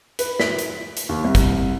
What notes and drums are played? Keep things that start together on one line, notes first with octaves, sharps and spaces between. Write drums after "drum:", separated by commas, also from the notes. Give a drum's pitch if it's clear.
B4, drum: hi-hat
B6, drum: snare
drum: hi-hat
drum: hi-hat
D#2
C2
drum: kick, hi-hat